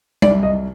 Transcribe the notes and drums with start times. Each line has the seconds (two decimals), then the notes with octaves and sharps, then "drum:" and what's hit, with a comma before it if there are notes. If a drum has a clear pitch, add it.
0.22 C2 D5, drum: tom G3
0.43 D#5